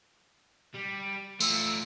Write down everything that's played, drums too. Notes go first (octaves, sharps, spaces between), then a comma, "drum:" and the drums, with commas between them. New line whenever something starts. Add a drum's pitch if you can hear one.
G3
A3 F4 E6, drum: tambourine